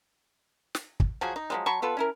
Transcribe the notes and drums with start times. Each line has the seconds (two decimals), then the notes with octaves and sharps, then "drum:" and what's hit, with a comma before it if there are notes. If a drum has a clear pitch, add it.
0.75 drum: snare
1.00 drum: kick
1.21 F3 F#3 F#4 G#4
1.36 D#4
1.50 F3 F#3 G#3
1.66 F#3 A5 B5 C#6
1.82 B3 F4 A4 B4
1.97 C#4 E4 A#4